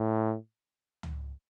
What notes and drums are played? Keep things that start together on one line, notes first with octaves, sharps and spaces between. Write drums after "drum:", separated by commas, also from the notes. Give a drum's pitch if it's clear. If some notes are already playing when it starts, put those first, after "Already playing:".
Already playing: A2
drum: tom C#2